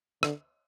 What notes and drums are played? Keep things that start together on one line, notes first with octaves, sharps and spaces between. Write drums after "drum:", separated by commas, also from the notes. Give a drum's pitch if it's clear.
D3, drum: rim click